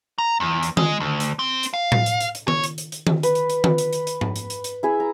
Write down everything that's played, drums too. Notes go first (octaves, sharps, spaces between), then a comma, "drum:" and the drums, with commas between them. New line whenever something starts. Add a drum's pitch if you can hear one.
A#5
E2
drum: hi-hat
G#3, drum: tom D#3
D2
drum: hi-hat
C4
drum: hi-hat
F5
drum: tom A2
drum: hi-hat
drum: hi-hat
drum: hi-hat
C#5, drum: tom D#3
drum: hi-hat
drum: hi-hat
drum: hi-hat
drum: tom D#3
B4, drum: hi-hat
drum: hi-hat
drum: hi-hat
drum: tom D#3
drum: hi-hat
drum: hi-hat
drum: hi-hat
drum: tom G#2
drum: hi-hat
drum: hi-hat
drum: hi-hat
E4 G#4 E5
A#5